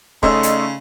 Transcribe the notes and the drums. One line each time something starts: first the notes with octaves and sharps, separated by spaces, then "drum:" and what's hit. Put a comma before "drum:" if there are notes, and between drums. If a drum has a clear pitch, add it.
C#3 A3 C#4 D#4 D5 D#5 C6 E6, drum: kick
drum: hi-hat